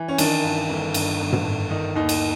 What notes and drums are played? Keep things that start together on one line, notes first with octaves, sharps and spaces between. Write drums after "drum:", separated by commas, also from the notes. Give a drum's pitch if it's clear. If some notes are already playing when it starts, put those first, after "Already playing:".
Already playing: E3
C#4
D#3 D4, drum: cymbal
G2
G1
G2, drum: cymbal
G1
drum: tom
G1
D#3 D#4
D#2 D#4
drum: cymbal